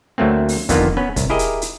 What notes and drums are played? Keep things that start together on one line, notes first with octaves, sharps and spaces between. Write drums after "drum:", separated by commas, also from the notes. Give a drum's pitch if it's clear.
D2 F#3 A3 A#3 C4
drum: open hi-hat
F2 D3 D#3 A#3 B3 F4, drum: kick, hi-hat
B3 C#4 B4
C2, drum: kick, hi-hat
E4 G4 G#4 A#4 D#5
drum: hi-hat
drum: hi-hat